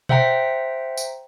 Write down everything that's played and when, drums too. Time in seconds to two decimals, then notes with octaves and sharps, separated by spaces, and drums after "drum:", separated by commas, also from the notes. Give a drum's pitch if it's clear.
0.09 C5 E5 F#5 G5 A#5 B6, drum: tom B2
0.97 drum: tambourine